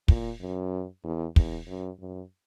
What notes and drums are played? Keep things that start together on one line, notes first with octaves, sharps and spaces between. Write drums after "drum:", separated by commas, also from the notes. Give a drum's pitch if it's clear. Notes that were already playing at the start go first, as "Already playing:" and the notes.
A#2, drum: kick
F#2
E2
E2, drum: kick
F#2
F#2